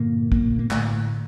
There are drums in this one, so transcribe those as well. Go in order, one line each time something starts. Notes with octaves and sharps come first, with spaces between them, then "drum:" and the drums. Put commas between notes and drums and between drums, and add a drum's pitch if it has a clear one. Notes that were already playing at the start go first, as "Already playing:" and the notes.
Already playing: G2 A#2 D3 A#3
A#2 A#3, drum: kick
A#3
A2 D3 A3, drum: clap